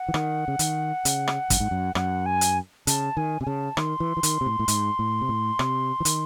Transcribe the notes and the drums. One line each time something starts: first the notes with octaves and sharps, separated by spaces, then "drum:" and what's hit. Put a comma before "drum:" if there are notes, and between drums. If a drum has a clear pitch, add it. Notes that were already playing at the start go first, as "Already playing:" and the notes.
Already playing: F#5
E3
D#3, drum: rim click
C#3
D#3, drum: hi-hat
C#3, drum: hi-hat
drum: rim click
F#2, drum: kick, hi-hat
G#2
F#2
F#2 F#5, drum: rim click
G#5
drum: hi-hat
C#3 A5, drum: hi-hat
D#3 G#5
C3 G#5
C#3 A5
D#3 C6, drum: rim click
E3
E3
D#3, drum: hi-hat
C3
A2
A2
G#2, drum: hi-hat
A2
C3
A2
C3, drum: rim click
E3
D#3, drum: hi-hat